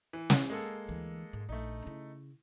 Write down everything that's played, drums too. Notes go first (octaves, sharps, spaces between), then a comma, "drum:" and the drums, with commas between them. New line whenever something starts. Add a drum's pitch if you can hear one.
E3
drum: snare
G#3 A#3 A4
D2 E3
G#2
A#1 A3 D#4
C#3 E4